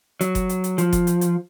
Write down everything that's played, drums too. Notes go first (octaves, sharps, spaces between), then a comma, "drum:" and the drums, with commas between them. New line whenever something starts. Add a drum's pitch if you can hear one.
F#3, drum: hi-hat
drum: kick F#1, hi-hat
drum: hi-hat
drum: hi-hat
F3, drum: hi-hat
drum: kick F#1, hi-hat
drum: hi-hat
drum: hi-hat